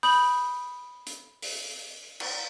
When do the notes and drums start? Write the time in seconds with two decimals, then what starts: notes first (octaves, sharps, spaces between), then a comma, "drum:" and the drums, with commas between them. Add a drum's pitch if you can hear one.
0.03 B5 D#6 G6 F#7, drum: open hi-hat
1.07 drum: hi-hat
1.42 drum: open hi-hat
2.20 drum: cymbal